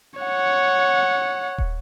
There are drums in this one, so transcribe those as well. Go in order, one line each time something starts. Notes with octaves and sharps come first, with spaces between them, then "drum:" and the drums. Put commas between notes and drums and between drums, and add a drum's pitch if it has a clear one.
C#5 F#5
drum: kick